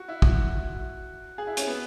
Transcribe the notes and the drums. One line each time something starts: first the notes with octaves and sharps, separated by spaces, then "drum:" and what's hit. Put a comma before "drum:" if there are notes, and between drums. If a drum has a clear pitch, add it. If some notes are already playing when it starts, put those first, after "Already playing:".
Already playing: F#4
E4
F#4, drum: kick
G#4
E4
C#4, drum: hi-hat
B3